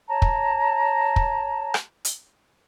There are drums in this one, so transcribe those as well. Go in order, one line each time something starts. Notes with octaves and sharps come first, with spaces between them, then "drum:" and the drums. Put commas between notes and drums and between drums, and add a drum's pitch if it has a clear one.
C#5 A5 A#5
drum: kick
drum: kick
drum: rim click
drum: hi-hat